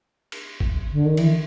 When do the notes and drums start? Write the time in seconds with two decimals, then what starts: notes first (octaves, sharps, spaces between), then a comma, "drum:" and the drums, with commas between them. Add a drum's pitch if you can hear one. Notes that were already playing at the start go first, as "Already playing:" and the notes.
0.32 drum: cymbal
0.60 drum: kick G1
0.92 D3
1.04 D#3
1.17 E3, drum: cymbal